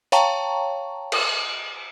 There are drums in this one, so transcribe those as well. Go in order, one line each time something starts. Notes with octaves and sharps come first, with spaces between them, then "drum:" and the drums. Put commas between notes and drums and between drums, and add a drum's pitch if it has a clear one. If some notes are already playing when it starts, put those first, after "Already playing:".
C#5 F5 G5 A5 A#5 C#6, drum: hi-hat
drum: cymbal